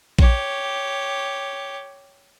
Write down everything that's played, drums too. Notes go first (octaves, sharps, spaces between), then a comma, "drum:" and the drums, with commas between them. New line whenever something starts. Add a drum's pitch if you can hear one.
G4 C#5, drum: kick A#1